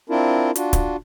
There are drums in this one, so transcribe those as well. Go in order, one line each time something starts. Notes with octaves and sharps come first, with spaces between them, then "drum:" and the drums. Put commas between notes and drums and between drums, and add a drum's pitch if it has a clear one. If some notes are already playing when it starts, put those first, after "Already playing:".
C4 D4 E4 F4 A#4
D4 F4 F#4, drum: hi-hat
drum: kick, hi-hat